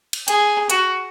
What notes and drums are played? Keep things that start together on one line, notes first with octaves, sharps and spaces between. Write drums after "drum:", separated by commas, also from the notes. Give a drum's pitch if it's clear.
drum: cymbal
G#4, drum: hi-hat
F#4, drum: hi-hat